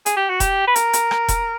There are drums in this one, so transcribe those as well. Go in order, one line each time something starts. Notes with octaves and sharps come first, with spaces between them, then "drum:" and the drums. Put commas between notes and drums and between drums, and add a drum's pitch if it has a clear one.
G#4, drum: hi-hat
G4
F#4
G4, drum: kick E1, hi-hat
B4
A#4, drum: hi-hat
drum: hi-hat
drum: rim click
drum: kick E1, hi-hat